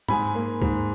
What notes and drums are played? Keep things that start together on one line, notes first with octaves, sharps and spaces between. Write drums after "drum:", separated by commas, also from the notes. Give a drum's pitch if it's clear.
G#2 G#5 B5, drum: tom
A#3
G#2, drum: kick C2